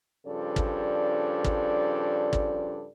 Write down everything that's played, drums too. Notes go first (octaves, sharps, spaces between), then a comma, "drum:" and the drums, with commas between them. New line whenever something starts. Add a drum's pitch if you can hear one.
G2 C#3 F3 D4 A4 D5
drum: kick
drum: kick
drum: kick